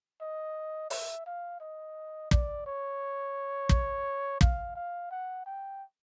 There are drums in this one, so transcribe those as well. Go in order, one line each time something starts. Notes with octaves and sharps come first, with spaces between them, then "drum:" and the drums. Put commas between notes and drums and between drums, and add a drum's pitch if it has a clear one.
D#5
E5, drum: open hi-hat
F5
D#5
D5, drum: kick
C#5
drum: kick
F5, drum: kick
F5
F#5
G5